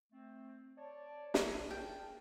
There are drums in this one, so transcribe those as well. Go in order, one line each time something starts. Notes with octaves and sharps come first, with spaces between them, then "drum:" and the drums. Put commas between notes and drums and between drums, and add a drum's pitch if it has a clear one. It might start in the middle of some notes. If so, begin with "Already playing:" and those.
A3 C4
C#5 D5 A5
C#5, drum: snare
G#4 A#4 G5 A5